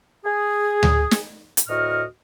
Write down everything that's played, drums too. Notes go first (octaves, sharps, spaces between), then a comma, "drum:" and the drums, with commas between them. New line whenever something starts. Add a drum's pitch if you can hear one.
G#4
drum: tom D2
drum: snare
drum: hi-hat
D2 A2 F#4 D#5 C#6 F6